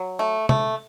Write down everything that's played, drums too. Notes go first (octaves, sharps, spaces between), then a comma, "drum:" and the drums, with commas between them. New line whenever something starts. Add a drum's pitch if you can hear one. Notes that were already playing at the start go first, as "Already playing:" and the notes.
Already playing: F#3
A3
A3, drum: tom